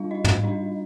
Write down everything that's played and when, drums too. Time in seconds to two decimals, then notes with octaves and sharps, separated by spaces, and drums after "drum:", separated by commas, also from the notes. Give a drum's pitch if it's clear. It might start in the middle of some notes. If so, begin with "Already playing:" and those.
Already playing: G3 D4 F4 F5
0.11 D#4 D#5
0.24 drum: tom
0.43 G3 D4 D#4 D#5